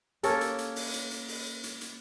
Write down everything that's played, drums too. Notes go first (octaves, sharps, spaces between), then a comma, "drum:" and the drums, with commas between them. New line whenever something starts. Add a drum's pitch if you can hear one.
A#3 C#4 A4 A#4, drum: hi-hat
drum: hi-hat
drum: hi-hat
drum: open hi-hat
drum: hi-hat
drum: hi-hat
drum: open hi-hat
drum: hi-hat
drum: hi-hat